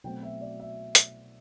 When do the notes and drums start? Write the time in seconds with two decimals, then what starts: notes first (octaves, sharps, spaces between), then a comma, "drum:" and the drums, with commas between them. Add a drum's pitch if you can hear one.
0.04 B2 F#3 A3 C4 G5
0.23 E5
0.41 D5
0.60 E5
0.95 drum: hi-hat